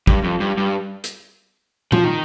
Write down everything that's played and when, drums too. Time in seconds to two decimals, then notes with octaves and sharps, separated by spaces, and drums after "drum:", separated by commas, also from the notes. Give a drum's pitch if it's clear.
0.07 G2, drum: kick
0.24 F2
0.40 G2
0.58 G2
1.04 drum: hi-hat
1.92 F3, drum: tom A#2
2.04 D#3